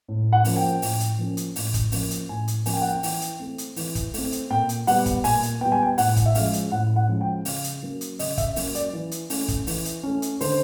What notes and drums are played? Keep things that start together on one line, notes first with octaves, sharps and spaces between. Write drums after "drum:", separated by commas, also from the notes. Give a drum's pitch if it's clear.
A2
F#5
F3 A#3 C#4, drum: open hi-hat
G5
A2, drum: open hi-hat
drum: hi-hat
F3 A#3 C#4
drum: hi-hat
A2, drum: open hi-hat
drum: kick, hi-hat
F3 A#3 C#4, drum: open hi-hat
drum: hi-hat
A2 G#5
drum: hi-hat
F3 A#3 C#4 G#5, drum: open hi-hat
G5
F#5
G5
E3, drum: open hi-hat
drum: hi-hat
A3 C4
drum: hi-hat
E3, drum: open hi-hat
drum: kick, hi-hat
A3 C4, drum: open hi-hat
drum: hi-hat
A#2 G5
drum: hi-hat
G3 B3 F#5, drum: open hi-hat
drum: kick, hi-hat
A#2 G#5, drum: open hi-hat
drum: hi-hat
G3 B3 G5
G#5
G5
A2 F#5, drum: open hi-hat
drum: kick, hi-hat
E5
F3 G#3 C#4 F5, drum: open hi-hat
drum: hi-hat
A2 F#5
F#5
F3 G#3 C#4
G5
C#3 F5, drum: open hi-hat
drum: hi-hat
F#3 A#3 C#4
drum: hi-hat
C#3 D#5, drum: open hi-hat
E5, drum: kick, hi-hat
F#3 A#3 C#4, drum: open hi-hat
D5, drum: hi-hat
E3
drum: hi-hat
A3 C#4, drum: open hi-hat
drum: kick, hi-hat
E3, drum: open hi-hat
drum: hi-hat
A3 C#4
drum: hi-hat
D3 C5, drum: open hi-hat